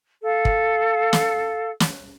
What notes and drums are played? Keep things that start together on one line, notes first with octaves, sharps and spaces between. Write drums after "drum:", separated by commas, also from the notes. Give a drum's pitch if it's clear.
A4 F5
drum: kick
drum: snare
drum: snare